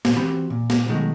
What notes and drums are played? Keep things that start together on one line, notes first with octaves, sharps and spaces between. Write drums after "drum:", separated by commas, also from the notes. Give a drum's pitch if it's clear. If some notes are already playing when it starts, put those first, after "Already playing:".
A#2, drum: snare
E3 C4 F#4 G4 B5
A#2
drum: snare
B2 D#3 F#3 G#3 A3